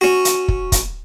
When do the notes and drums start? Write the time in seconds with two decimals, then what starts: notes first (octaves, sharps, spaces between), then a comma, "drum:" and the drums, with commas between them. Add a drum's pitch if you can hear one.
0.01 C#4 F#4
0.25 drum: hi-hat
0.48 drum: kick
0.72 drum: kick, hi-hat